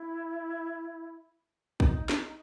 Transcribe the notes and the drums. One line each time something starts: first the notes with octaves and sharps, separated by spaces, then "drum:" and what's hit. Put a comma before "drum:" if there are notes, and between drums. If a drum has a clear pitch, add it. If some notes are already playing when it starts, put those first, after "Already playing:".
Already playing: E4
D#4, drum: kick
drum: snare